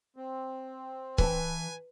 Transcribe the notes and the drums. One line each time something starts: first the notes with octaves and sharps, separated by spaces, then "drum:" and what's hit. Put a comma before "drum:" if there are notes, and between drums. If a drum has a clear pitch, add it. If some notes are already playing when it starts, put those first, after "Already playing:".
C4
E3 B4 G#5 A5, drum: kick